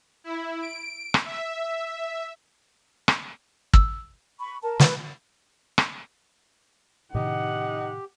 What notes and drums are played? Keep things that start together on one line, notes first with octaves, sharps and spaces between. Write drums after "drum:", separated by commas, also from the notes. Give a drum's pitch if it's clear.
E4
D7
drum: rim click
E5
drum: rim click
E6, drum: kick
B5 C#6
A#4 A5
E3 G#3 A3 B4, drum: snare
drum: rim click
A2 C3 D#3 D#4 G4 F#5